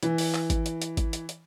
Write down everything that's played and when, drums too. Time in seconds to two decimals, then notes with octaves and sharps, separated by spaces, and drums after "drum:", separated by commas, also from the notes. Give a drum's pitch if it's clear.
0.03 E3, drum: hi-hat
0.18 drum: open hi-hat
0.34 drum: clap
0.50 drum: kick G#1, hi-hat
0.66 drum: hi-hat
0.82 drum: hi-hat
0.97 drum: kick G#1, hi-hat
1.13 drum: hi-hat
1.29 drum: hi-hat